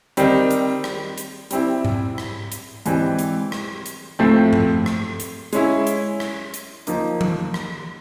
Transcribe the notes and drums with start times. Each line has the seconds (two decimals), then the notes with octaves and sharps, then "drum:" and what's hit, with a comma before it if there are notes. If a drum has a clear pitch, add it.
0.17 D#3 G3 C4, drum: hi-hat
0.51 drum: hi-hat
0.84 drum: rim click
1.18 drum: hi-hat
1.51 G3 C4 E4, drum: hi-hat
1.85 drum: tom G#2
2.18 drum: rim click
2.52 drum: hi-hat
2.86 G#2 E3 G3 C4, drum: hi-hat
3.19 drum: hi-hat
3.52 drum: rim click
3.86 drum: hi-hat
4.19 A2 F3 A3 C4
4.53 drum: tom G2
4.86 drum: rim click
5.20 drum: hi-hat
5.53 G#3 C#4 E4, drum: hi-hat
5.87 drum: hi-hat
6.20 drum: rim click
6.54 drum: hi-hat
6.87 F3 A#3 D#4, drum: hi-hat
7.21 drum: tom E3
7.54 drum: rim click